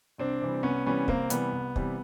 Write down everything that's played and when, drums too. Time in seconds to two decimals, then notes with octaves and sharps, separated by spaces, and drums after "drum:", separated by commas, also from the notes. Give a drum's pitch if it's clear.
0.18 C2 C4 D4
0.42 C3 E3 G3
0.63 C2 B3 C#4
0.86 C3 E3 G3 B3 C#4
1.08 C2 A#3 C4, drum: kick
1.30 C3 E3 G3 B3, drum: hi-hat
1.52 C2
1.76 C3 E3 G3, drum: kick